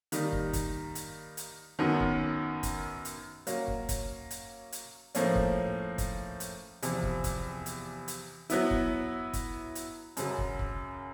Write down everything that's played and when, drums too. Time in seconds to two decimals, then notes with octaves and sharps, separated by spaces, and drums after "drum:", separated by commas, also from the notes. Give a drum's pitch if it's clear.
0.12 D#3 G3 A#3 D#4, drum: hi-hat
0.32 drum: kick
0.53 drum: kick, hi-hat
0.95 drum: hi-hat
1.37 drum: hi-hat
1.79 F#2 D#3 F#3 B3
2.00 drum: kick
2.63 drum: kick, hi-hat
3.05 drum: hi-hat
3.47 F#3 A#3 C#4, drum: hi-hat
3.68 drum: kick
3.89 drum: kick, hi-hat
4.31 drum: hi-hat
4.72 drum: hi-hat
5.15 A2 F3 A#3 C#4, drum: hi-hat
5.35 drum: kick
5.98 drum: kick, hi-hat
6.40 drum: hi-hat
6.82 E2 C3 F3, drum: hi-hat
7.03 drum: kick
7.24 drum: kick, hi-hat
7.66 drum: hi-hat
8.08 drum: hi-hat
8.50 F#3 B3 E4, drum: hi-hat
8.71 drum: kick
9.33 drum: kick, hi-hat
9.75 drum: hi-hat
10.17 F#2 C#3 F#3, drum: hi-hat
10.38 drum: kick
10.59 drum: kick